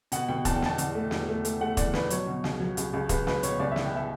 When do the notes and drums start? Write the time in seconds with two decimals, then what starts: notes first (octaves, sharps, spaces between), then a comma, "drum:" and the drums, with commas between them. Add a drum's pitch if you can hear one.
0.12 B2 F#5, drum: hi-hat
0.29 B2 G5
0.45 E2 A5, drum: kick E1, hi-hat
0.55 G5
0.62 B2 A5, drum: snare
0.78 E2, drum: hi-hat
0.95 A3
1.11 E2, drum: snare
1.28 A3
1.45 A3, drum: hi-hat
1.61 A3 F#5
1.77 E2 D5, drum: kick E1, hi-hat
1.94 B2 B4, drum: snare
2.10 F#3 C#5, drum: hi-hat
2.27 B2
2.44 C#2, drum: snare
2.60 F#3
2.77 C#2, drum: hi-hat
2.93 C#2
3.09 C#2 B4, drum: kick E1, hi-hat
3.27 C#2 B4, drum: snare
3.43 B2 C#5, drum: hi-hat
3.60 C#2 D5
3.71 E5
3.76 B2, drum: snare
3.85 G5
3.96 E5